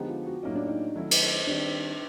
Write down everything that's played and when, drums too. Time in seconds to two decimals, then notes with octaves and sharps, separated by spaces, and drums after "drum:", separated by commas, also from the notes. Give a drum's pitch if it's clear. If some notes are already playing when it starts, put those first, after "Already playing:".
Already playing: D3 F3 G#3 B3 D#4 G4
0.09 F4
0.26 F#4
0.43 A2 F#3 A#3 C#4 D#4
0.56 D4
0.67 D#4
0.95 D#3 F#3 A3 C#4 E4
1.11 drum: cymbal
1.47 D#3 G3 C4 D4